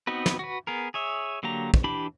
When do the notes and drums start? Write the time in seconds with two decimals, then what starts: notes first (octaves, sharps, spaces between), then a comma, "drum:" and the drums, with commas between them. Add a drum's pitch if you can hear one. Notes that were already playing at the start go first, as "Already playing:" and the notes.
0.07 B3 C4 D#4 F#4 B4
0.26 drum: snare
0.39 F#4 B4
0.67 B3 G#4 A#4
0.94 G#4 C#5 E5
1.43 D3 F#3 A#3 G4 A#5
1.74 drum: kick
1.84 E3 D4 E4 G4 B5